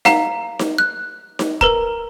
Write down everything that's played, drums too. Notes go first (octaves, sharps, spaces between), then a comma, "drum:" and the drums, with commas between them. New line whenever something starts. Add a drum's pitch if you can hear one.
F5 F#5 A#5, drum: snare D#4
drum: snare D#4
F#6
drum: snare D#4
A#4 B4 A#5, drum: kick